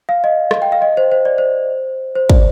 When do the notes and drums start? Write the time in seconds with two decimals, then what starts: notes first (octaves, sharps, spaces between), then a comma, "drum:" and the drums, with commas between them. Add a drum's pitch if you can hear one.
0.09 F5
0.24 D#5
0.51 drum: rim click
0.62 G5
0.72 F5
0.82 D#5
0.97 C5
1.12 C5
1.25 D5
1.38 C5
2.15 C5
2.30 D5, drum: kick